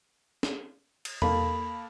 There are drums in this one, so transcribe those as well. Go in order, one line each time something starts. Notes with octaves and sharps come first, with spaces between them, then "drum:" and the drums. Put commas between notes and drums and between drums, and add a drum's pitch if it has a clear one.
drum: snare
drum: cymbal
A#3 A4 B5, drum: tom E2